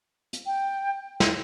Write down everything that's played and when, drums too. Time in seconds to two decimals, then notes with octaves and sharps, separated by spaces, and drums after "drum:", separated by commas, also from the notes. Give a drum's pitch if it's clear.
0.33 drum: hi-hat
0.46 G5
1.20 drum: snare